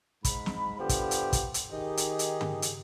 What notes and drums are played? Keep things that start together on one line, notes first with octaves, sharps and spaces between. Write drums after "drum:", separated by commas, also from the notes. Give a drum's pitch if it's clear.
G#2 B5, drum: kick, hi-hat
drum: snare
D3 F3 B3 G4
drum: kick, hi-hat
drum: hi-hat
drum: kick, hi-hat
drum: hi-hat
D#3 D#4 G4 G#4
drum: hi-hat
drum: hi-hat
drum: tom
drum: hi-hat